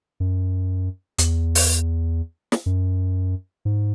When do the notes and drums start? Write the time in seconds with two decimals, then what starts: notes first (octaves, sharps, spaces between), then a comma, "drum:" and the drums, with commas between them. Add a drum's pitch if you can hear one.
0.20 F#2
1.18 E2, drum: hi-hat
1.55 drum: open hi-hat
2.52 drum: snare
2.66 F#2
3.65 G#2